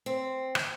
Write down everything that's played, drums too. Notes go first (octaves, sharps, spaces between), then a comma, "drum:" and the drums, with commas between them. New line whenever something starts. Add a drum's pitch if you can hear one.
C4
drum: rim click